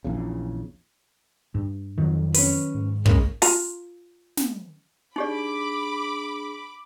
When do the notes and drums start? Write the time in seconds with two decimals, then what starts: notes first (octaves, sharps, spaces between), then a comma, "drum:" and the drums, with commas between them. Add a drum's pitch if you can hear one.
0.04 A#1 E2 C#3
1.55 G2
1.98 F2 D#3 F#3
2.34 C#4 B4, drum: open hi-hat
2.75 G#2
3.06 C#3 G#3 A#3, drum: kick
3.42 F4 A#5, drum: open hi-hat
4.37 drum: snare
5.16 D4 D#4 G4 G#4 D5 B5 D6